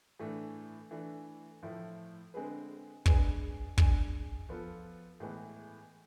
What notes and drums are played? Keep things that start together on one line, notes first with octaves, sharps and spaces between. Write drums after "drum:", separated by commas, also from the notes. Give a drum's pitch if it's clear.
A2 E3 A3 D4
E3 A3 D4
A2 F3 A3 E4
D3 G#3 C4 G#4 B4
G#3 D4 G#4 B4, drum: kick
G#3 D4 G#4, drum: kick
F3 B3 F4 A4
A2 E3 G#3 B3